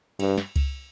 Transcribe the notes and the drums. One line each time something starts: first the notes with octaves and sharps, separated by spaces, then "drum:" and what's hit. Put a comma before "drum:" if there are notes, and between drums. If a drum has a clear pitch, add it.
G2, drum: cymbal
drum: snare
drum: kick C#2, cymbal